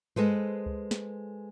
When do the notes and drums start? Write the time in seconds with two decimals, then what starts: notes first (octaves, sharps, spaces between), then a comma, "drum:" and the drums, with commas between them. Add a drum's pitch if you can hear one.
0.16 G#3 G#4 A4 B4 C5, drum: tom G2
0.66 drum: kick C#2
0.91 drum: snare